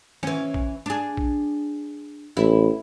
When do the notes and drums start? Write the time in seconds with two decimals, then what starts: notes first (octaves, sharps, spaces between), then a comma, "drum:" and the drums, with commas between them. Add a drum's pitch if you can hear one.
0.23 E3 C#4, drum: snare
0.54 drum: kick
0.86 D4 G#4
1.17 drum: kick
2.37 A1 E4